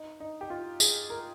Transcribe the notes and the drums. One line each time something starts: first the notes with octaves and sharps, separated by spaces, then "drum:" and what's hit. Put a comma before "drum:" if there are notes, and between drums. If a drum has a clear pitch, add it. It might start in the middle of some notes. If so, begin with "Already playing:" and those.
Already playing: D#4
D#4
G4
F4
G#4, drum: tambourine
A#4